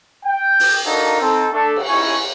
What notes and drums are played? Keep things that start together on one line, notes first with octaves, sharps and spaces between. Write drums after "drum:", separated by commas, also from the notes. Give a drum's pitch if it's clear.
G5
drum: open hi-hat
D4 D#4 F#4 A4 A#4 F5
C4 D#4 A4
A3 D4 A4
drum: cymbal
C#4 D#4 E4 G#5 C#6